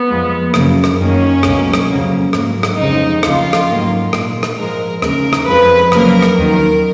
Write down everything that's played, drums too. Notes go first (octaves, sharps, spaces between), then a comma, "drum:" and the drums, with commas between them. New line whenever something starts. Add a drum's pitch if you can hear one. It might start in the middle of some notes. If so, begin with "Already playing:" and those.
Already playing: B3
F2 F3 G#3
F#2 C#3 F#3 A#3, drum: rim click
drum: rim click
F#2 D#3 A#3 C#4
C#2 B2 F#3 A#3, drum: rim click
drum: rim click
F2 C#3 F#3 A#3
G#2 F#3 A#3, drum: rim click
drum: rim click
F2 C#3 G#3 D#4
D#2 C#3 F3 F4, drum: rim click
drum: rim click
G#2 D#3 F#3 A#3
A#2 G#3, drum: rim click
drum: rim click
G#2 F3 G#3 A#4
D#2 C#3 G#3 A#4, drum: rim click
drum: rim click
F2 F3 G#3 B4
F2 C#3 F#3 A#3 A#4, drum: rim click
drum: rim click
D#2 D#3 F#3 A#4